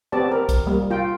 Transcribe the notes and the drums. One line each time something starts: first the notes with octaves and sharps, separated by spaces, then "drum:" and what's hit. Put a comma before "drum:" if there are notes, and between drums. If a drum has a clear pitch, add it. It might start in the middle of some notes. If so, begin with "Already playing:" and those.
B3 C4 G4 D5 A5
C4 A#4
drum: kick, hi-hat
G3 A#3
F4 G5